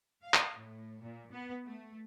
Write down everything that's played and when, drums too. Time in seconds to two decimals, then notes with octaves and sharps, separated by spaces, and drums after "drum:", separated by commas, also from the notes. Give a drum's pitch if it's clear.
0.24 F5
0.34 drum: clap
0.59 A2
1.02 A#2
1.32 B3
1.65 A3